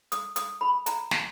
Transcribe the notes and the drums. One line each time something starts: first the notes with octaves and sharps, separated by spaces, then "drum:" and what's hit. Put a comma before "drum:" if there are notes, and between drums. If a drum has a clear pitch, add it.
D#6, drum: hi-hat
D#6, drum: hi-hat
B5
A#5, drum: hi-hat
drum: snare